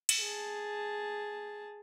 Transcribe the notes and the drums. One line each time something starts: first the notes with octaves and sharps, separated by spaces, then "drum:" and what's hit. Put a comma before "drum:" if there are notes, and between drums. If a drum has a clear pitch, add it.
drum: cymbal
G#4 A5